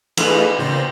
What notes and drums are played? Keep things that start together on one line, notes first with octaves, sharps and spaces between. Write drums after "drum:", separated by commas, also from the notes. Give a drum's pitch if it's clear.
E3 A3 F4 G#4 B4, drum: cymbal
A#2 C#3 C5 A6 A#6